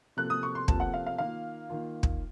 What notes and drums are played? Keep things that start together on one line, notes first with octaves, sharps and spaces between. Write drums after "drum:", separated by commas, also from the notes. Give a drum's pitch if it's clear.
C3 F3 A#3 F4 A4 F#6
D#6
C#6
C6
C3 F3 A#3 F4 A4 A5, drum: kick
F#5
F5
F5
D#3 A#3 F4 F5
D#3 A#3 F4
drum: kick